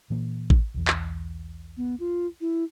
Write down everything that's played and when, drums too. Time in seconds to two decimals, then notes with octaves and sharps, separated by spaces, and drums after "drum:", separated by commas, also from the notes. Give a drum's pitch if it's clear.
0.10 A#2 E3 A#3
0.50 drum: kick A1
0.74 B1 E2
0.88 drum: clap
1.77 B3
2.00 F4
2.41 E4